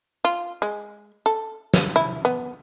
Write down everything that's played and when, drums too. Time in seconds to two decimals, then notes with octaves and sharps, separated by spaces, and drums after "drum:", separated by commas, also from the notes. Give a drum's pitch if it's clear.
0.25 F4
0.62 G#3
1.26 A4
1.74 drum: snare
1.96 E4
2.25 B3